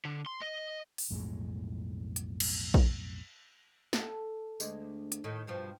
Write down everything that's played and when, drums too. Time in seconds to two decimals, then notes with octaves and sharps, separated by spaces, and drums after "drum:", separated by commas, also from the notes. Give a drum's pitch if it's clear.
0.05 D3
0.26 C6
0.42 D#5
0.98 drum: open hi-hat
1.11 B1 F2 A2 G#3
2.16 drum: hi-hat
2.40 drum: cymbal
2.74 drum: kick A#1
3.93 A4, drum: snare
4.60 D2 G#3, drum: tambourine
5.12 drum: hi-hat
5.24 A2 D#3
5.47 G2 B2 F3